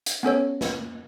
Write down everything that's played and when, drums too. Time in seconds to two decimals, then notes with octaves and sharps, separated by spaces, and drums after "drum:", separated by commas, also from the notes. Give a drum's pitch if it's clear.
0.06 drum: hi-hat
0.23 B3 C#4 A4 C#5
0.61 drum: snare